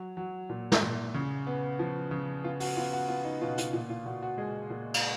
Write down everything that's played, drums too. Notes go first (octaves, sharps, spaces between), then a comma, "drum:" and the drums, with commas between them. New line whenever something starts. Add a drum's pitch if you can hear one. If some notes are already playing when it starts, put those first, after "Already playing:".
Already playing: F#3
F#3
A#2
drum: snare
A#2
C#3
B3
F3
C#3
B3 F4
F#4, drum: open hi-hat
B3 F4
F#4
B3 F4
D#4
B2 F4
F4, drum: hi-hat
A#2 F4
F4
A#2 F#4
F#4
G#3 G#4
A#2
drum: cymbal